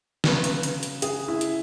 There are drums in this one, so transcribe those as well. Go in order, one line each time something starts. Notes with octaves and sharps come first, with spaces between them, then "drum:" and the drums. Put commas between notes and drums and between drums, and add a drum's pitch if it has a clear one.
C#3 F#3 B4, drum: snare
drum: hi-hat
drum: hi-hat
drum: hi-hat
G#4, drum: hi-hat
E4
drum: hi-hat